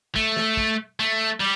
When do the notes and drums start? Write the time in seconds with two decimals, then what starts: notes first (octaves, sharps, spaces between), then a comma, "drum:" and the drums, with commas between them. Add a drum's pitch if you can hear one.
0.16 A3, drum: kick
0.36 drum: snare
0.57 drum: kick
1.00 A3
1.40 G3